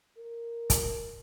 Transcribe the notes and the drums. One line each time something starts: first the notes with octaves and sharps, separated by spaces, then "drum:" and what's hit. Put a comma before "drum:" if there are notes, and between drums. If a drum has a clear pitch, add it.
A#4
drum: kick, hi-hat